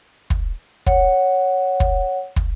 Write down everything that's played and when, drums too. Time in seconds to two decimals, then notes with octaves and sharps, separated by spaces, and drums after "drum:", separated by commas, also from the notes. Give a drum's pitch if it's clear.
0.30 drum: kick
0.86 C#5 F#5, drum: kick
1.80 drum: kick
2.36 drum: kick